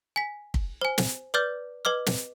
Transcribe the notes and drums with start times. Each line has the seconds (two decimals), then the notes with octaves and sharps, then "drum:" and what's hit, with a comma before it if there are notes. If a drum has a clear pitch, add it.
0.16 G#5 B6
0.54 drum: kick
0.81 C5 G#5
0.98 drum: snare
1.34 B4 D5 D6 F6 G6 A6
1.85 B4 D#5 D6 F6
2.06 drum: snare